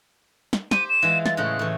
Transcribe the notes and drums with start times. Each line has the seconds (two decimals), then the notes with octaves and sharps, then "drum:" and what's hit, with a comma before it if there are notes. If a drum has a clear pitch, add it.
0.53 drum: snare
0.71 G4 C5 D#7, drum: snare
0.89 E7
1.02 E3 G#3 F4
1.26 A6, drum: snare
1.37 A2 C#3 G#3 F#6
1.59 A2 E3